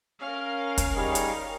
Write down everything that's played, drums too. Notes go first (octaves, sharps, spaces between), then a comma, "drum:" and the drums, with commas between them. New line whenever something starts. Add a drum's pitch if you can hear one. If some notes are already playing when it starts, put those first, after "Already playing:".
C#4 A#4 F5
drum: kick, hi-hat
G3 D#4 G#4 C#5
drum: hi-hat